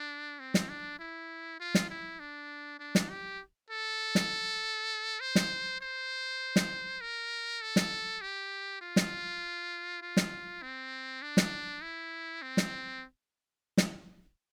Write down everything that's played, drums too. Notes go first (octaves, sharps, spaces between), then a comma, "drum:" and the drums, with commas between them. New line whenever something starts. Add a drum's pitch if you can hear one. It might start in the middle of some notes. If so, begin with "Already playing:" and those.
Already playing: D4
C4
drum: snare
D4
E4
F4
drum: snare
E4
D4
D4
drum: snare
G4
A4
drum: snare
C5
drum: snare
C5
drum: snare
A#4
A4
drum: snare
G4
F4
drum: snare
F4
drum: snare
C4
D4
drum: snare
E4
C4
drum: snare
drum: snare